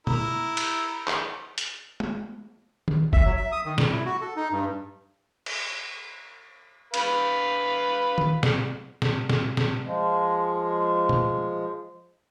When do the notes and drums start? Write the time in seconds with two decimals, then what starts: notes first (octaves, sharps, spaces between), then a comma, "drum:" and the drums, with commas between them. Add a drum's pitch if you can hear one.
0.07 E4 A#4, drum: tom
0.57 drum: cymbal
1.07 drum: clap
1.58 drum: hi-hat
2.00 drum: tom
2.88 drum: tom D#3
3.13 E5, drum: kick G1
3.25 F#3
3.37 E5
3.52 D#6
3.66 D#3
3.78 G3, drum: snare
3.91 E4
4.05 F#4
4.21 A4
4.36 D#4
4.52 G2
5.46 drum: cymbal
6.94 B4 F5, drum: cymbal
8.18 drum: tom D#3
8.43 drum: snare
9.02 drum: snare
9.30 drum: snare
9.57 drum: snare
9.85 F3 G#3
11.09 drum: tom